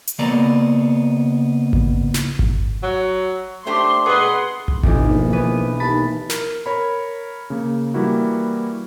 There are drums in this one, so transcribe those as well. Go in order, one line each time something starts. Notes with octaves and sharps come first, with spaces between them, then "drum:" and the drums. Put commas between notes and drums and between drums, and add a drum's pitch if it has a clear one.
drum: hi-hat
C#3 A#3 B3 D5 A#5
drum: kick G#1
drum: snare
drum: kick G#1
F#3
A3 D4 G4 C5 C6
B2 G#4 B4 D#5 F#5 C6
drum: tom C2
F1 B1 E3, drum: kick G#1
A#1
E3 B3 B4
D#2 A5 B5
A#4, drum: snare
A#4 C#5 B5
C#3 A#3
E3 G3 A#3 E4 F#4